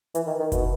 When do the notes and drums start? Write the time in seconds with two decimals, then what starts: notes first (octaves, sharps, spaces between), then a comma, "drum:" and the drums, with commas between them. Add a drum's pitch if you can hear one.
0.15 E3, drum: hi-hat
0.27 D#3
0.39 D#3
0.52 B2, drum: kick F#1, hi-hat